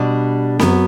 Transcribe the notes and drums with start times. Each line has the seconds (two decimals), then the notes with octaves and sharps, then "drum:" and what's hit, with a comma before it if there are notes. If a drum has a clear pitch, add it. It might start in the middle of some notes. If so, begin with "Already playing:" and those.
Already playing: B2 G3 D4
0.59 F#2 F#3 B3, drum: snare C4